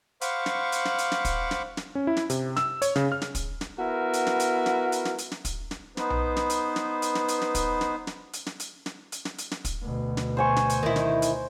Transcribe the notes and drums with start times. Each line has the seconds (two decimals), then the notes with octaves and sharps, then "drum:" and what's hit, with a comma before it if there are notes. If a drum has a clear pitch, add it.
0.21 C5 F5 F#5 B5 C#6 D6, drum: hi-hat
0.46 drum: snare
0.72 drum: hi-hat
0.85 drum: snare
0.98 drum: hi-hat
1.12 drum: snare
1.25 drum: kick, hi-hat
1.51 drum: snare
1.77 drum: snare
1.95 C#4
2.07 E4
2.17 drum: snare
2.30 C3, drum: hi-hat
2.57 E6, drum: snare
2.82 C#5, drum: hi-hat
2.96 C#3, drum: snare
3.12 F6
3.22 drum: snare
3.35 drum: kick, hi-hat
3.61 drum: snare
3.79 B3 E4 F#4 A#4
4.13 drum: hi-hat
4.27 drum: snare
4.40 drum: hi-hat
4.66 drum: snare
4.92 drum: hi-hat
5.05 drum: snare
5.18 drum: hi-hat
5.32 drum: snare
5.45 drum: kick, hi-hat
5.71 drum: snare
5.97 B3 D#4 B4 C5, drum: snare
6.10 drum: tom B1
6.36 drum: snare
6.50 drum: hi-hat
6.76 drum: snare
7.02 drum: hi-hat
7.15 drum: snare
7.28 drum: hi-hat
7.41 drum: snare
7.55 drum: kick, hi-hat
7.81 drum: snare
8.07 drum: snare
8.33 drum: hi-hat
8.46 drum: snare
8.60 drum: hi-hat
8.86 drum: snare
9.12 drum: hi-hat
9.25 drum: snare
9.38 drum: hi-hat
9.51 drum: snare
9.65 drum: kick, hi-hat
9.82 D2 B2
10.17 drum: snare
10.37 C5 G#5 C#6
10.56 drum: snare
10.70 drum: hi-hat
10.83 D#3 E4
10.96 drum: snare
11.22 drum: hi-hat